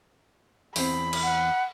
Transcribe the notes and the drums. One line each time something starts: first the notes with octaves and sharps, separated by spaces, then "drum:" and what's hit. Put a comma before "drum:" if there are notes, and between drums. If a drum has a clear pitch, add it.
E2 C4 B5, drum: open hi-hat
drum: cymbal
F#5